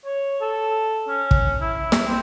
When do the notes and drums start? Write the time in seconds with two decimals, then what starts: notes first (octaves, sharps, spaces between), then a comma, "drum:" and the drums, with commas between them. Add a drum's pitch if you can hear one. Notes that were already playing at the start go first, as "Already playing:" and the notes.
0.06 C#5
0.41 A4
1.08 C#4
1.31 drum: kick
1.61 E4
1.92 drum: snare
2.07 C4